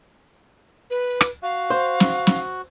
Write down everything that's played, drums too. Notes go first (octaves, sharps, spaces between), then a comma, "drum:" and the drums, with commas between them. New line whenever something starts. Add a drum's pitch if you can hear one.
B4
drum: rim click
F#4 F5
C5
drum: snare
drum: snare